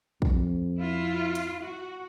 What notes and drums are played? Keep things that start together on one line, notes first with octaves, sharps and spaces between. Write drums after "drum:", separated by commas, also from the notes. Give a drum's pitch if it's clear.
F2, drum: kick
E4 F4 F5
drum: hi-hat
F#4